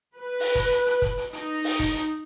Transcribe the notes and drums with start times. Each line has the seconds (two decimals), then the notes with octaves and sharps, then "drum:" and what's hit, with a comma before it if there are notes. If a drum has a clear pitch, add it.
0.18 B4
0.40 drum: open hi-hat
0.55 drum: kick, hi-hat
0.71 drum: hi-hat
0.86 drum: hi-hat
1.02 drum: kick, hi-hat
1.17 drum: hi-hat
1.33 D#4, drum: hi-hat
1.64 drum: open hi-hat
1.80 drum: kick, hi-hat
1.95 drum: hi-hat